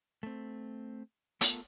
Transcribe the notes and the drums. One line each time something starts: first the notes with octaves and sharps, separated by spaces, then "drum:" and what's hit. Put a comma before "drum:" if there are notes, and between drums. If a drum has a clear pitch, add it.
A3 C4
A3 B3 F4 A4 A#4, drum: hi-hat